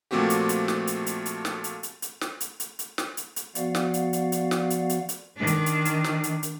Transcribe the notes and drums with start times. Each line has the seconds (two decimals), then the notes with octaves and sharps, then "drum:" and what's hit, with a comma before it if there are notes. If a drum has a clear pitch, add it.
0.11 A#2 F3 A3 C4 F#4 G4
0.30 drum: hi-hat
0.49 drum: hi-hat
0.68 drum: snare
0.87 drum: hi-hat
1.06 drum: hi-hat
1.26 drum: hi-hat
1.45 drum: snare
1.64 drum: hi-hat
1.83 drum: hi-hat
2.02 drum: hi-hat
2.21 drum: snare
2.41 drum: hi-hat
2.60 drum: hi-hat
2.79 drum: hi-hat
2.98 drum: snare
3.17 drum: hi-hat
3.36 drum: hi-hat
3.55 F3 B3 F#4 D5 F5 F#5, drum: hi-hat
3.75 drum: snare
3.94 drum: hi-hat
4.13 drum: hi-hat
4.32 drum: hi-hat
4.51 drum: snare
4.70 drum: hi-hat
4.89 drum: hi-hat
5.09 drum: hi-hat
5.36 D#3 D4
5.47 drum: hi-hat
5.66 drum: hi-hat
5.85 drum: hi-hat
6.04 drum: snare
6.24 drum: hi-hat
6.43 drum: hi-hat